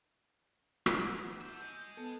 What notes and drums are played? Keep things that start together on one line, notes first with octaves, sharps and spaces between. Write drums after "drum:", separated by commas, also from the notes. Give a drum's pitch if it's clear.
drum: rim click
F#5
A3 E5 G6
G#4 D#5
B3 A4 A5